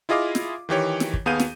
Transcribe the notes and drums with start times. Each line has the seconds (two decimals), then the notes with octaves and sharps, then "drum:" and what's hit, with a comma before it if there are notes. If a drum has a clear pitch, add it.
0.09 E4 F4 G#4 D#5 F5 D6
0.35 drum: snare
0.69 D#3 E3 G4 C#5
1.00 drum: snare
1.13 drum: kick
1.26 D#2 B3 G#4 F5 G6 D#7
1.40 drum: snare